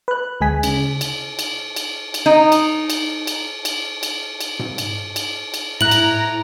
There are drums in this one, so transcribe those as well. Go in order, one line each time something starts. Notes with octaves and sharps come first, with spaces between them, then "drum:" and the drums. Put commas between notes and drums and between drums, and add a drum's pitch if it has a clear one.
B4 F#6
D2 G#3 G#4 G#5 B6
C#3, drum: cymbal
drum: cymbal
drum: cymbal
drum: cymbal
drum: cymbal
D#4
drum: cymbal
drum: cymbal
drum: cymbal
drum: cymbal
drum: cymbal
drum: cymbal
drum: tom G#2
drum: cymbal
drum: cymbal
drum: cymbal
A2 E4 A#5 F#6 F#7
drum: cymbal